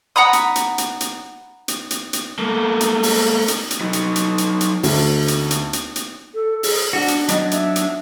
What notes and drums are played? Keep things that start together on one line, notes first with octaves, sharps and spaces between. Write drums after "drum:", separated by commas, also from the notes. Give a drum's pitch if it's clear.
F#5 A#5 B5 D#6
drum: hi-hat
drum: hi-hat
drum: hi-hat
drum: hi-hat
drum: hi-hat
drum: hi-hat
drum: hi-hat
A3 A#3
drum: hi-hat
drum: open hi-hat
drum: hi-hat
drum: hi-hat
F#3 D#4
drum: hi-hat
drum: hi-hat
drum: hi-hat
drum: hi-hat
D2, drum: open hi-hat
drum: hi-hat
drum: hi-hat
drum: hi-hat
drum: hi-hat
A4
G#4, drum: open hi-hat
D4 F#4
drum: hi-hat
F#3 D4 D#5, drum: hi-hat
E5, drum: hi-hat
drum: hi-hat